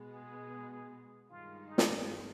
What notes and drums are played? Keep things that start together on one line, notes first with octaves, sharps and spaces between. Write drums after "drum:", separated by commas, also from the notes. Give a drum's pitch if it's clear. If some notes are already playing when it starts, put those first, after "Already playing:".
Already playing: B2 G#3 B3
G#4
G2 D#3 G#3 F4
D#4
drum: snare